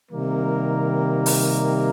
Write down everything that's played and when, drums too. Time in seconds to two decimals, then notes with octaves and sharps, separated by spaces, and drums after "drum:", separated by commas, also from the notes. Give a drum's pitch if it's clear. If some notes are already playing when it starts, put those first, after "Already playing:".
0.11 C3 D#3 G3 A#3 A#4
1.26 drum: open hi-hat